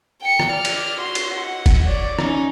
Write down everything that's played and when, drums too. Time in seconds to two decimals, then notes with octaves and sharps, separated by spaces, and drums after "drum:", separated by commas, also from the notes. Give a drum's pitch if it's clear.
0.21 G5 C#7
0.40 drum: rim click
0.51 D5 F6
0.65 drum: cymbal
1.00 F#4 C6
1.15 drum: cymbal
1.41 F#5
1.66 drum: kick F#1, cymbal
1.86 C#5 D5
2.19 C#4 D#4, drum: rim click